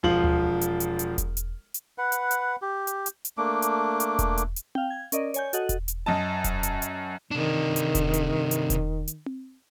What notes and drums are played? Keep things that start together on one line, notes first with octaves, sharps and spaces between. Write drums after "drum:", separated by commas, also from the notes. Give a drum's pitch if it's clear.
E1 F3 F4 F#7
drum: tom D2
drum: hi-hat
drum: hi-hat
drum: hi-hat
drum: kick E1, hi-hat
drum: hi-hat
drum: hi-hat
B4 F#5
drum: hi-hat
drum: hi-hat
G4
drum: hi-hat
drum: hi-hat
drum: hi-hat
A3 A#3 D4 D6
drum: hi-hat
drum: hi-hat
drum: kick E1, hi-hat
drum: hi-hat
drum: hi-hat
F5 G5, drum: tom C4
G#6
C#4 A#4 D5 D#5, drum: hi-hat
C#5 G#5 G6, drum: hi-hat
F#4 A4 D#5 F#5, drum: hi-hat
drum: kick E1, hi-hat
drum: hi-hat
F#2 D#5 A5
drum: kick E1, hi-hat
drum: hi-hat
drum: hi-hat
C3 D#3 D4
drum: hi-hat
drum: kick E1, hi-hat
drum: hi-hat
drum: hi-hat
drum: kick E1, hi-hat
drum: hi-hat
drum: tom C4